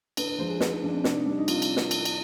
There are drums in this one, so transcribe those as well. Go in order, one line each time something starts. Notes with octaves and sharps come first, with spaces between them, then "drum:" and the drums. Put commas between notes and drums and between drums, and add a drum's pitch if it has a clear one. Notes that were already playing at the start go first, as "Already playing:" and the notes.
D3 B4, drum: cymbal
B4
F3 G#3 C5
G#4
D3 B4, drum: snare
D#4
F3 G#3 D4
C4
C3 D4, drum: snare
D#4
G3 D4
D#4
C3 F4, drum: cymbal
drum: cymbal
drum: snare
drum: cymbal
drum: cymbal